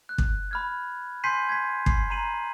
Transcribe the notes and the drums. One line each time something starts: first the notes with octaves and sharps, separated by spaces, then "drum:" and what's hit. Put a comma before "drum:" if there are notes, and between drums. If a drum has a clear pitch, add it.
F#6
drum: kick
B5 F6 G#6
G#5 C6 G6 B6 C7 D#7
G#6 B6
C6 C7, drum: kick
A#5 C7 D#7 F#7